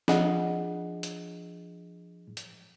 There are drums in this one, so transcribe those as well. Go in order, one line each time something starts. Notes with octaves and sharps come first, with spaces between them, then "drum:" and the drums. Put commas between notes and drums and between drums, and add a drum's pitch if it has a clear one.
F3 D4 G#4 D#5 F#5, drum: snare
drum: hi-hat
drum: hi-hat